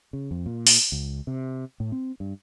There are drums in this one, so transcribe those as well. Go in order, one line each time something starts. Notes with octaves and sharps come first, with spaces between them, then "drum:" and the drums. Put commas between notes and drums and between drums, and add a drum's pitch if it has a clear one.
C#3
F2
A#2
drum: open hi-hat
C#2
C3
A2
C4
G2